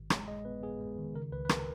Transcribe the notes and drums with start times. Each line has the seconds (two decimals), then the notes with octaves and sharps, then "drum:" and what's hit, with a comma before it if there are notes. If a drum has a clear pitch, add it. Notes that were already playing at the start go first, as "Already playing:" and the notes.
Already playing: G#1
0.10 G#3 C#5, drum: rim click
0.28 G#3 D#5
0.45 B3 B4
0.63 B3 G#4
0.80 G#3
0.98 D#3
1.14 C#3 A#4
1.32 C#2 B4
1.45 B4
1.49 A#4, drum: rim click